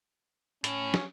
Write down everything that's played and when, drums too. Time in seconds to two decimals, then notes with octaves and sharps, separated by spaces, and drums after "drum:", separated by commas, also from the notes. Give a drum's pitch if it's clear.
0.64 A2 C#4, drum: hi-hat
0.94 drum: snare